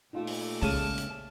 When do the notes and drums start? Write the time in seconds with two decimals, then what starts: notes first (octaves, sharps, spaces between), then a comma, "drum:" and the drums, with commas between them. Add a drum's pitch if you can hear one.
0.13 A#2 A3 D#4 F4 G4
0.27 drum: open hi-hat
0.62 C#3 G#3 A5 F6 D#7, drum: kick, open hi-hat
0.98 drum: hi-hat